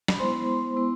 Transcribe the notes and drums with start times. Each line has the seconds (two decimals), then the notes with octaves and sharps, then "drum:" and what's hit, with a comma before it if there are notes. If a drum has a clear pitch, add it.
0.08 B5, drum: snare
0.19 G#3 B3 E4 C5 C6
0.76 G#3 B3 E4